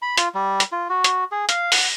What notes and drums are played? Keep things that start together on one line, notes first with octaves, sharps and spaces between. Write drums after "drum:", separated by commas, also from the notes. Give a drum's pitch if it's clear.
B5
F4, drum: hi-hat
G3
drum: hi-hat
F4
F#4
drum: hi-hat
G#4
F5, drum: hi-hat
F#5, drum: open hi-hat